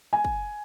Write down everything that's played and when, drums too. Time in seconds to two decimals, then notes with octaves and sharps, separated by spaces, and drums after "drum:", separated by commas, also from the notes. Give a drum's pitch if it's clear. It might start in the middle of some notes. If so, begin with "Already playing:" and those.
0.13 G#5
0.24 drum: kick